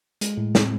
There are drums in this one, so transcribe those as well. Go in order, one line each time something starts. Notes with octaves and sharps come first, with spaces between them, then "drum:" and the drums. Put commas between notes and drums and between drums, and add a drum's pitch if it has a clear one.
G#3, drum: hi-hat
A2
C4, drum: snare